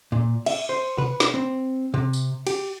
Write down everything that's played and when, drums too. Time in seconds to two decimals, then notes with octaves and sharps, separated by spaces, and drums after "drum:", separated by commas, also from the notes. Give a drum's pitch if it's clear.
0.12 A#2
0.46 E5, drum: cymbal
0.69 C5
0.98 B4, drum: tom B2
1.20 drum: snare
1.34 C4
1.94 C3
2.13 drum: tambourine
2.47 G4, drum: cymbal